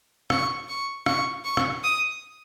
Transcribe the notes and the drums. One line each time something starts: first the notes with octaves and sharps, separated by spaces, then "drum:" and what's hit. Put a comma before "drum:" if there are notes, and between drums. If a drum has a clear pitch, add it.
C#6, drum: rim click
C#6
C#6, drum: rim click
C#6
drum: rim click
D#6